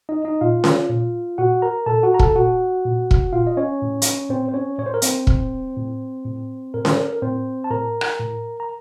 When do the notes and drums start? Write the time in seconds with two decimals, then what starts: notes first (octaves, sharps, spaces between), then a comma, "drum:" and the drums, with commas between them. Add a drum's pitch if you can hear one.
0.09 D#4 D#5
0.25 D#4 D#5
0.41 A#2 F4 F5
0.64 drum: snare C#4
0.90 A#2
1.38 A#2 F#4 F#5
1.62 A#4 A#5
1.86 A#2 A4 A5
2.03 F#4 F#5
2.14 A#5
2.19 A4 A5, drum: kick
2.35 A#2 F#4 F#5
2.85 A#2
3.11 drum: kick
3.33 A#2 F4 F5
3.47 D#5
3.57 C#4 C#5
3.82 A2
4.02 drum: hi-hat
4.30 A2 C4 C5
4.48 C5
4.54 C#4 C#5
4.78 A2 C#5
4.86 C5
4.94 A#4
5.02 C4 C5, drum: hi-hat
5.27 A2, drum: kick
5.77 A2
6.25 A2
6.74 A2 A#4
6.85 C5, drum: snare C#4
6.98 A#4
7.13 A#4
7.22 A2 C4 C5
7.64 A5
7.71 A2 A#4 A#5
8.01 drum: rim click
8.20 A2
8.60 A#5